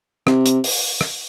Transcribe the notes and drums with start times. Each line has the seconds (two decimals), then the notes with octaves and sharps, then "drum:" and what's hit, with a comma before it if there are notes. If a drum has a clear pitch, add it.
0.27 C3, drum: rim click
0.46 drum: hi-hat
0.64 drum: open hi-hat
1.01 drum: rim click